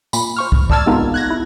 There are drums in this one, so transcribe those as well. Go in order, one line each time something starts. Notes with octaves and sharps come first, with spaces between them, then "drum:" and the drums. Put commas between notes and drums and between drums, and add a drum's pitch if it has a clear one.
A#2 B5, drum: tambourine
C5 C#6 F6
drum: kick
D5 A5 E6 F6 G#6 A6, drum: kick
C3 G#3 B3 D#4 F4 A#4
F#6 G#6 A#6
E4